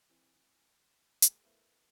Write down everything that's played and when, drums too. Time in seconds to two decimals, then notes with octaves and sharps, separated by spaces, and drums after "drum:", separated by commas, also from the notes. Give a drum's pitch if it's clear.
0.10 E3 C4
1.22 A3 G4, drum: hi-hat
1.44 A3 B3 E4 A#4 C5 F5